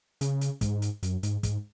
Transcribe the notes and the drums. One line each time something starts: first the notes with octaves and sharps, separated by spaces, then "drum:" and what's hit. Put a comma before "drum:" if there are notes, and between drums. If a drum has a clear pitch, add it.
C#3, drum: hi-hat
drum: hi-hat
G#2, drum: kick, hi-hat
drum: hi-hat
F#2, drum: hi-hat
G#2, drum: hi-hat
G#2, drum: kick, hi-hat